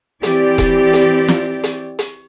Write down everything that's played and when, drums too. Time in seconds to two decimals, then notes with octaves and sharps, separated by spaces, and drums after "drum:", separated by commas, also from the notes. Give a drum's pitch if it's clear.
0.23 E3 C4 G4 D5, drum: hi-hat
0.58 drum: kick E1, hi-hat
0.93 drum: hi-hat
1.28 drum: snare
1.64 drum: hi-hat
1.99 drum: hi-hat